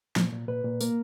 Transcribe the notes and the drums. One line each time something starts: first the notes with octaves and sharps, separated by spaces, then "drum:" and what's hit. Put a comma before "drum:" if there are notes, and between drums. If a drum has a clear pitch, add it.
A#2, drum: snare
A#2
A#2 B4
A#2
A#3 A#4, drum: tambourine